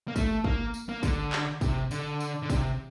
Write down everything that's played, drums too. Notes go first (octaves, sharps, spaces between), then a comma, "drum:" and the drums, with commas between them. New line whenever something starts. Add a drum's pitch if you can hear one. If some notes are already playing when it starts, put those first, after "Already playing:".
A#3
A3, drum: kick, tambourine
A#3, drum: kick
drum: tambourine
A#3
D3, drum: kick, tambourine
drum: clap
C3, drum: kick, tambourine
D3, drum: tambourine
drum: tambourine
D3
C3, drum: kick, tambourine